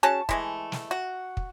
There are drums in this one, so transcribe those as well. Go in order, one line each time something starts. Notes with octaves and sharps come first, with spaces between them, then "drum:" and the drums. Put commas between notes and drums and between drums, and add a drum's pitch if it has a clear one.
C#4 F#4 G#4 A5
E3 G#3 A3, drum: kick
drum: snare
F#4
drum: kick